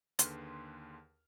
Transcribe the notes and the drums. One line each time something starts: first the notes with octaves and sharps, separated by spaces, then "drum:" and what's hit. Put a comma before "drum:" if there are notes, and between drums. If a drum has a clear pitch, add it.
D#2 D3 G#4 B4 C6 F6, drum: hi-hat